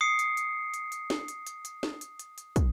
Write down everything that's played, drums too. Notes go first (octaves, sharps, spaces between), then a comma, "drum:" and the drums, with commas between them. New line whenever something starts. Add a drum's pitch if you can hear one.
D#6 C7 C#7
drum: hi-hat
drum: hi-hat
drum: hi-hat
drum: hi-hat
drum: snare
drum: hi-hat
drum: hi-hat
drum: hi-hat
drum: snare
drum: hi-hat
drum: hi-hat
drum: hi-hat
drum: kick, hi-hat